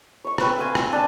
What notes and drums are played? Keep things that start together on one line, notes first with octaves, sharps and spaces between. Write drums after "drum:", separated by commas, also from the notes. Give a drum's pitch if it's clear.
C#5 C#6
C4 B4 C5, drum: rim click
F5 G5 G#5 C6
C4, drum: rim click
D4 G#5 A5